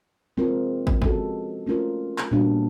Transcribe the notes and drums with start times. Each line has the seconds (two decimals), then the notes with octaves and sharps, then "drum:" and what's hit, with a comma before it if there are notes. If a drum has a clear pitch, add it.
0.37 F3 G#3 C4 F4 A#4
0.87 drum: kick
1.02 F3 G#3 C#4 F#4 A4, drum: kick
1.66 A3 C#4 F4 A#4
2.18 drum: clap
2.31 A#2 G3 B3 D4 F#4